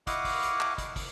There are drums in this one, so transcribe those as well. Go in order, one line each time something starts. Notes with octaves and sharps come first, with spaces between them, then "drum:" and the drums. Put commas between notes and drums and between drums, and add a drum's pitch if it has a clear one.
E4 D#5 F5 F#5 C#6 D6, drum: kick, hi-hat
drum: kick, open hi-hat
drum: hi-hat
drum: clap
drum: kick, hi-hat
drum: kick, open hi-hat